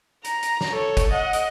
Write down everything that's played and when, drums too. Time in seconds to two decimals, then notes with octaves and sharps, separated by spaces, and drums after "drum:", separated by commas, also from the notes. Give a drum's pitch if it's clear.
0.25 A#5, drum: hi-hat
0.43 drum: hi-hat
0.61 drum: snare
0.70 A4 C#5
0.97 drum: kick, hi-hat
1.12 D#5 F#5
1.33 drum: hi-hat